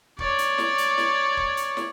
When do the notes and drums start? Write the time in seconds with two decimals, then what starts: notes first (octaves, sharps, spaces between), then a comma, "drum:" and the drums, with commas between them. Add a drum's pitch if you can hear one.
0.19 C#5 D5, drum: kick
0.38 drum: hi-hat
0.58 drum: snare
0.78 drum: hi-hat
0.98 drum: snare
1.37 drum: kick
1.57 drum: hi-hat
1.77 drum: snare